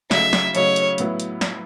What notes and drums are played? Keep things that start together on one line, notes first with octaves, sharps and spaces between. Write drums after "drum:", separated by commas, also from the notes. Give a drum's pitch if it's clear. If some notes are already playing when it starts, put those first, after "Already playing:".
C#3 F#3 A3 D#4 E5, drum: snare
drum: snare
C#3 F#3 A3 D#4 C#5, drum: hi-hat
drum: hi-hat
A2 F#3 B3 E4, drum: hi-hat
drum: hi-hat
drum: snare